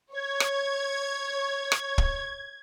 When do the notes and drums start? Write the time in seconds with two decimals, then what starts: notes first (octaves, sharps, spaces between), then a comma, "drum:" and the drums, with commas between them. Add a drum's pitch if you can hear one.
0.14 C#5 G#6
0.40 drum: rim click
1.72 drum: rim click
1.98 drum: kick